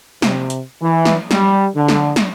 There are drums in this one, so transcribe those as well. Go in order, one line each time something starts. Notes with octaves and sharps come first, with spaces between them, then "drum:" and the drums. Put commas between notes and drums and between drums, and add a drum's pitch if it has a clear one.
C3, drum: snare
drum: hi-hat
E3
drum: snare
G3, drum: snare
D3
drum: snare
drum: snare